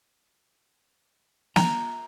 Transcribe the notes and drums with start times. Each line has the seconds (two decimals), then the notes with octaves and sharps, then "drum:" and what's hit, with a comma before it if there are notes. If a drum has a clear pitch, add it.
1.56 A#5, drum: snare